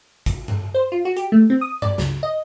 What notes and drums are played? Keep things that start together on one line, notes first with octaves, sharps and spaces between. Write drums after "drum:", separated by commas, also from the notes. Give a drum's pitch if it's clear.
drum: kick, hi-hat
drum: tom G2
C5
F4
F#4
G4, drum: hi-hat
A3
C4
D#6
D5, drum: tom G2
C#2, drum: snare
D#5